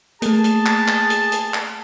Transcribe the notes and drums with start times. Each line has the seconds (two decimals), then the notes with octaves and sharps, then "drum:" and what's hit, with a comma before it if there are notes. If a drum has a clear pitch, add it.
0.22 A3 A#3 G#4 A5, drum: hi-hat
0.44 drum: hi-hat
0.66 drum: clap
0.88 drum: clap
1.10 drum: hi-hat
1.32 drum: hi-hat
1.54 drum: clap